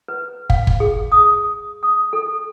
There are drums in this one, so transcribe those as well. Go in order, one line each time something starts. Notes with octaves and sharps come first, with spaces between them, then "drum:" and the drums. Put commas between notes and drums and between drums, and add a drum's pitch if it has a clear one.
B4
F5, drum: kick
drum: kick
G#4
D#6
D#6
A4